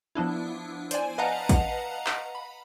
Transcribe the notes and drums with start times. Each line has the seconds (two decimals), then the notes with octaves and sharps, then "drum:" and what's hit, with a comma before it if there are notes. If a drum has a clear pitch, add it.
0.15 F3 B3 D4 E4
0.91 C5 D5 G#5, drum: hi-hat
1.18 B4 D#5 F5 F#5 A5 A#5
1.49 drum: kick A1, hi-hat
2.06 drum: clap
2.35 B5